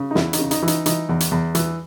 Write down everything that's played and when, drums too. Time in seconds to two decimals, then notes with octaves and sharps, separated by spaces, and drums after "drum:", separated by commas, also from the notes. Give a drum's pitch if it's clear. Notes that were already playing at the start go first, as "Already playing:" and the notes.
Already playing: C#3
0.11 D#4
0.15 E2 E4, drum: snare
0.33 D#4, drum: hi-hat
0.39 C#3
0.51 D#4, drum: hi-hat
0.62 E3 E4
0.68 D#4, drum: hi-hat
0.86 E3 D#4, drum: hi-hat
1.09 E2
1.20 drum: hi-hat
1.31 E2
1.55 E3, drum: hi-hat